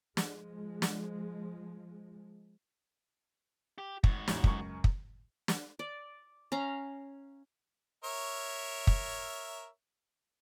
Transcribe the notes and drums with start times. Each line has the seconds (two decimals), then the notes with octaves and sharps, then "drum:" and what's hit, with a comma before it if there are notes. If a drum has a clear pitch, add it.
0.17 F3 G#3, drum: snare
0.82 drum: snare
3.78 G4
4.04 G#2 F#4, drum: kick
4.28 A1 E2, drum: snare
4.44 C#2 F#2 C#6, drum: kick
4.84 drum: kick
5.48 drum: snare
5.79 D5
6.52 C#4 F5 A#5
8.04 A#4 C#5 E5
8.87 drum: kick